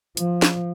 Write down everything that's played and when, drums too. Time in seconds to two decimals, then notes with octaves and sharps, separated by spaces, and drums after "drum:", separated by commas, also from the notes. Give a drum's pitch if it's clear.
0.17 F3, drum: hi-hat
0.42 drum: snare